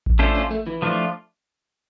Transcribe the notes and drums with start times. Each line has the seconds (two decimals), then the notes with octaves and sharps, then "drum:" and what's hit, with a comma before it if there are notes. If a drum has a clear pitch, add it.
0.06 drum: kick A1
0.19 A3 C#4 D4 F4 A4 C5
0.35 C#4
0.51 A3
0.67 E3
0.82 F3 A3 D4 F4